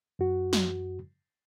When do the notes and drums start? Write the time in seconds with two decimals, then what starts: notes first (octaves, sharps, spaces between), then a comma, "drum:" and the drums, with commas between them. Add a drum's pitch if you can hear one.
0.19 F#2 F#4
0.53 drum: snare